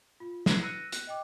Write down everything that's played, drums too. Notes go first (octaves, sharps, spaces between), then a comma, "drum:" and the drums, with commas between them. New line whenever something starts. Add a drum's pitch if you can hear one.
F4
E4 B4 G#6 C7, drum: snare
E6 F#6 A#6 C#7 D#7
F#6, drum: hi-hat
D#5 G5 D6